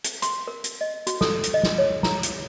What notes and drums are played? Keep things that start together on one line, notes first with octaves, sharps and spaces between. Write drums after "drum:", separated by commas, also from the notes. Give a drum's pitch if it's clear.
drum: hi-hat
C6, drum: hi-hat
A#4
drum: hi-hat
D#5
F#4, drum: hi-hat
A4, drum: snare
drum: hi-hat
D#5
drum: snare
C#5
A#5, drum: snare
drum: hi-hat